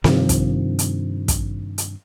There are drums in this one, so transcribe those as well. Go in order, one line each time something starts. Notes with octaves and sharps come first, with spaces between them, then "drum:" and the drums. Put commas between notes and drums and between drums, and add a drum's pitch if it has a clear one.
G2 C3 D#3 F3, drum: snare C4
drum: kick, hi-hat
drum: hi-hat
drum: kick, hi-hat
drum: hi-hat